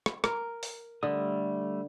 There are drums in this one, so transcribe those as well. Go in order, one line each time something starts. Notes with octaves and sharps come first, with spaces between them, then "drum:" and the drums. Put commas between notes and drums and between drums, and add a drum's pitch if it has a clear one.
drum: rim click
A#4, drum: rim click
drum: open hi-hat
D3 G3 A3 D#6